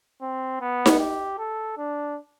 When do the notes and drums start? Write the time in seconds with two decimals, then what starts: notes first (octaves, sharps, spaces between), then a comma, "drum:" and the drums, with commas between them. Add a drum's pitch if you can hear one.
0.22 C4
0.61 B3
0.86 drum: snare D#4
0.99 G4
1.38 A4
1.77 D4